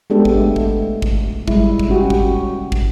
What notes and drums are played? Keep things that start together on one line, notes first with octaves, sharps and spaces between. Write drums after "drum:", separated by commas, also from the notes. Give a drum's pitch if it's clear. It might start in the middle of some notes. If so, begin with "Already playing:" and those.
G#3 B3 D4 G4 A4
drum: kick
A3
drum: kick
drum: kick
G3 G#3 E4, drum: kick
drum: kick
C#4 F#4 G4
drum: kick
drum: kick